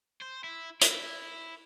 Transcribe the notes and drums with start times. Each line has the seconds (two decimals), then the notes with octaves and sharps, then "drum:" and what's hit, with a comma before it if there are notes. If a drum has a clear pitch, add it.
0.22 C5
0.44 E4
0.81 E4, drum: hi-hat